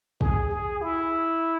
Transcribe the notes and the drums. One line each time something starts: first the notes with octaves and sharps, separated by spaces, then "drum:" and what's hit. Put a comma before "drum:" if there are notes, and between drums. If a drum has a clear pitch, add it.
G#4, drum: kick
G#4
E4